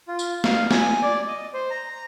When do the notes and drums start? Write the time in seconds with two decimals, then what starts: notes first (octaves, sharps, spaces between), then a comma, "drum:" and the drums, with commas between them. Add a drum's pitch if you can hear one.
0.08 F4
0.19 drum: tambourine
0.44 F5, drum: snare
0.71 G#5, drum: snare
1.02 D5
1.27 D#5
1.54 C5
1.71 A#5